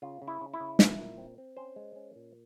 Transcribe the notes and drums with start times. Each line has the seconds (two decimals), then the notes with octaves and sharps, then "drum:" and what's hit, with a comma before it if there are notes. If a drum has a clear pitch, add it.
0.02 C#3 F4
0.22 C#3
0.28 E4
0.41 C#3
0.54 E4
0.60 C#3
0.79 A#2, drum: snare
0.99 A#2
1.18 C4
1.38 C4
1.57 C#4 C5
1.76 G#3
1.96 C#4
2.15 A#2